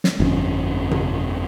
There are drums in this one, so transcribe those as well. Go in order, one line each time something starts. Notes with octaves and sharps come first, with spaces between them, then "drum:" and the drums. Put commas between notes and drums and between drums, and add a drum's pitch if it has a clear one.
drum: snare
G1 F2 C#4
drum: tom C3